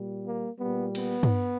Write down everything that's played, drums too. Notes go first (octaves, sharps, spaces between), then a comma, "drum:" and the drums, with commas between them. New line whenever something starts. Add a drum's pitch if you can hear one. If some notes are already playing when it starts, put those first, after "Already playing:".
Already playing: A#2 G3
A#3
A#2 G3 B3
B3, drum: cymbal
drum: tom G2